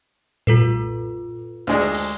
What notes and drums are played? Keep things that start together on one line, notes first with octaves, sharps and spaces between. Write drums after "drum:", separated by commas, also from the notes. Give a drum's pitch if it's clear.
F4 A4 B4, drum: tom A#2
D2 G#3 D4, drum: open hi-hat
drum: tambourine